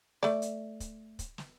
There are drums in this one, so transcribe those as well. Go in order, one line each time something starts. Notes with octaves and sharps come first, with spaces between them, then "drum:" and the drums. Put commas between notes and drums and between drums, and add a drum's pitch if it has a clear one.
A3 D5, drum: snare
drum: hi-hat
drum: kick, hi-hat
drum: kick, hi-hat
drum: snare